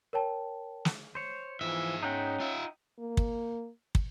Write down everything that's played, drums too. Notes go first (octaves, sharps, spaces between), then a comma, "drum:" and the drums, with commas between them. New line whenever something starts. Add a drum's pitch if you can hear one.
A#4 C#5 G5 A5
drum: snare
C5 C#5
G#2 E3 F3 E5
C#4 D#4 F#5 G5
F4 E5
A#3
drum: kick
drum: kick